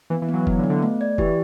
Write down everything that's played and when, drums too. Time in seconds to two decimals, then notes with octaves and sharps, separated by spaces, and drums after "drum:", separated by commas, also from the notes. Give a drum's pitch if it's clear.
0.10 E3 B3
0.22 E3
0.29 B3
0.34 F#3
0.47 B3, drum: kick F1
0.59 D3
0.64 B3
0.70 D3
0.83 A3
1.01 D5
1.18 E3 G4, drum: kick F1